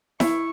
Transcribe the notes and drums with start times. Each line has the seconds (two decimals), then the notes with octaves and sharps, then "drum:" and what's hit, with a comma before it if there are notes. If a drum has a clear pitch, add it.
0.20 E4 C#6, drum: snare E4